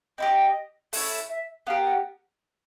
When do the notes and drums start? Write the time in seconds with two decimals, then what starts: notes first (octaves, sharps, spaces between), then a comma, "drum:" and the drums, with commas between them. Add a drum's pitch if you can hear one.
0.18 C4 E4 G4 D#5
0.93 A3 C#4 E4, drum: open hi-hat
1.29 E5
1.67 B3 D4 G4 A#4 F5
1.85 F#5